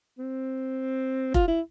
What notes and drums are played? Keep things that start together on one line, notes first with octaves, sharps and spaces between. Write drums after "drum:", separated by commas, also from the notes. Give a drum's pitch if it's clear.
C4
F4, drum: kick F1
E4